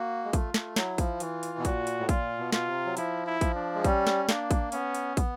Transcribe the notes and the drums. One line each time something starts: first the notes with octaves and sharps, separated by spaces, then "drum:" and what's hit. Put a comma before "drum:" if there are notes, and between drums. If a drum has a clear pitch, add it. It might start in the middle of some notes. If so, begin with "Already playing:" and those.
Already playing: A#3 F#4
G#3
A3 F4, drum: kick, hi-hat
A3, drum: snare
F#3 E4, drum: snare
F3, drum: kick, hi-hat
E3 F4, drum: hi-hat
drum: hi-hat
B2
A#2 F#4, drum: kick, hi-hat
drum: hi-hat
A2
A#2 F4, drum: kick, hi-hat
B2
F4, drum: snare
C3
F#3
F3 E4, drum: hi-hat
E4
F3, drum: kick, hi-hat
D4
G#3
G3 C#4, drum: kick, hi-hat
drum: snare
A#3 D4, drum: snare
drum: kick, hi-hat
B3 C#4, drum: hi-hat
drum: hi-hat
B3, drum: kick, hi-hat